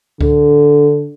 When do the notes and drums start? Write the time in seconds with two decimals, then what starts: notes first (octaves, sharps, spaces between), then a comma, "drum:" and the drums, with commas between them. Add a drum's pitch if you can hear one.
0.21 D3, drum: kick C#2